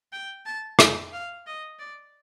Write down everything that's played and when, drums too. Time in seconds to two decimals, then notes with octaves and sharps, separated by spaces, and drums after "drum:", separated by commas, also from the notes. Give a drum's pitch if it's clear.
0.12 G5
0.46 A5
0.79 G5, drum: rim click
1.13 F5
1.47 D#5
1.79 D5